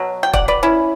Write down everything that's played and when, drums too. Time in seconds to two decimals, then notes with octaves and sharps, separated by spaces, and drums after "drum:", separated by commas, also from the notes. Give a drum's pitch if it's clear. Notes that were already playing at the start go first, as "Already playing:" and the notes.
Already playing: B2 F#3
0.23 G5
0.33 D5 F#5, drum: kick
0.48 B4 D5
0.63 C#4 E4